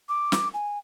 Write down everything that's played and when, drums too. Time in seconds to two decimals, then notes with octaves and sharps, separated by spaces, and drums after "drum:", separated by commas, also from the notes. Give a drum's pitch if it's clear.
0.09 D6
0.32 drum: snare
0.54 G#5